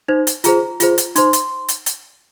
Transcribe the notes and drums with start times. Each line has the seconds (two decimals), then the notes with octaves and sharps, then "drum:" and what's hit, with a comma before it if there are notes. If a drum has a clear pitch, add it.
0.08 D#4 C5
0.27 drum: hi-hat
0.44 F4 G#4 C5 A#5, drum: hi-hat
0.80 F4 G#4 C5, drum: hi-hat
0.98 drum: hi-hat
1.16 D#4 C5 C6, drum: hi-hat
1.33 drum: hi-hat
1.68 drum: hi-hat
1.86 drum: hi-hat